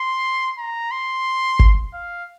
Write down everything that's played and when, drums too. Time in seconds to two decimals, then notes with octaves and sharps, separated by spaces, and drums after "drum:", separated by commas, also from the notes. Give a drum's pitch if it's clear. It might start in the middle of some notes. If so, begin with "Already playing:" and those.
Already playing: C6
0.58 A#5
0.91 C6
1.59 drum: kick G1
1.94 F5